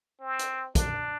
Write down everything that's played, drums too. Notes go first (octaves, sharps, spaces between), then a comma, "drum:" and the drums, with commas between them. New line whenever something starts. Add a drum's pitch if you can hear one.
C4
drum: hi-hat
D4, drum: kick, hi-hat